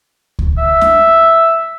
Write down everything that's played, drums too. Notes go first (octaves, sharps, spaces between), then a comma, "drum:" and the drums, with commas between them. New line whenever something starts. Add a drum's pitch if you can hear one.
drum: kick C#2
E5 E6
drum: snare